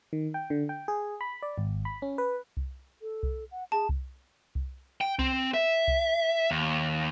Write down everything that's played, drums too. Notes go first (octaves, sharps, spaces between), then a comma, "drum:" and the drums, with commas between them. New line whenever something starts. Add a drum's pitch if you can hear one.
D#3
G5
D3
G5
G#4
B5
D5
G#1
B5
C#4
B4
drum: kick C2
A4
drum: kick C2
F#5
G#4 A5
drum: kick C2
drum: kick C2
G5
C4, drum: kick C2
E5
drum: kick C2
D#2